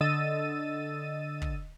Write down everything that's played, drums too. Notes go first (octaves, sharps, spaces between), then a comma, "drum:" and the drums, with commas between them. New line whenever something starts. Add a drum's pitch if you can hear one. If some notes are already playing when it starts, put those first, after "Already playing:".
D3 D#5 E6 A6 D#7
drum: kick